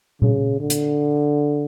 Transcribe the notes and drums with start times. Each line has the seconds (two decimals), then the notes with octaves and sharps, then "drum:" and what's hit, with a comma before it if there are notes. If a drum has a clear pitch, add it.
0.22 C#3, drum: tom A#2
0.60 D3
0.70 drum: hi-hat